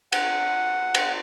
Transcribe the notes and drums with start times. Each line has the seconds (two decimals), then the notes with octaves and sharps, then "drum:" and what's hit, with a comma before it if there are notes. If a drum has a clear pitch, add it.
0.12 F#5, drum: cymbal
0.94 drum: cymbal